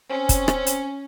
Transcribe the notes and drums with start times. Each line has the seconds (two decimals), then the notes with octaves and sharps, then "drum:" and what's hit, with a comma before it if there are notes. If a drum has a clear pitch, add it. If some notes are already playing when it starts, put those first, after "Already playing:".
0.10 C4 C#4
0.29 drum: kick, hi-hat
0.48 drum: rim click
0.66 drum: hi-hat